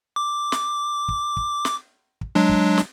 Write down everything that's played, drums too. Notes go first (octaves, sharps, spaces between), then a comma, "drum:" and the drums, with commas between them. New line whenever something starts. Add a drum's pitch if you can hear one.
D6
drum: snare
drum: kick
drum: kick
drum: snare
drum: kick
F#3 G#3 D4
drum: kick
drum: snare